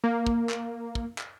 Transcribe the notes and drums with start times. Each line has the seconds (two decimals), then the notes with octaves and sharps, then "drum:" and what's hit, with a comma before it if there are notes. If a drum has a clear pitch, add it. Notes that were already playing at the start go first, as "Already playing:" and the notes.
0.04 A#3
0.27 drum: kick
0.49 drum: clap
0.95 drum: kick
1.18 drum: clap